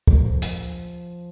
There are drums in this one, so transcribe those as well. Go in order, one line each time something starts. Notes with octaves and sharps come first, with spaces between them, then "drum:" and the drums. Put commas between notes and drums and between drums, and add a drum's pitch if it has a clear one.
F3, drum: kick
drum: hi-hat